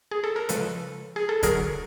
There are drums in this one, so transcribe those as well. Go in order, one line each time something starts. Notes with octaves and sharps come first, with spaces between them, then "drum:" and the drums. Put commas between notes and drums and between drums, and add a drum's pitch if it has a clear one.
G#4
A4
A#4
C#3 F3 G#3 A4 B4, drum: hi-hat
G#4
A4
D3 F#3 G#4 A#4, drum: kick, hi-hat